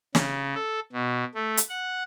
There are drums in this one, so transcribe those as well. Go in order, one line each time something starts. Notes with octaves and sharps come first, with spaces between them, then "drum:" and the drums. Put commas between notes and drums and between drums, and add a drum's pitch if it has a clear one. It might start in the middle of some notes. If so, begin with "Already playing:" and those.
C#3, drum: snare
A4
B2
A3
drum: hi-hat
F#5